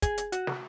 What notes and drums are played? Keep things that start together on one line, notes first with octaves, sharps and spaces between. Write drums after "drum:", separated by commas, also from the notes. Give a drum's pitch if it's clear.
G#4, drum: kick, hi-hat
drum: hi-hat
F#4, drum: hi-hat
drum: snare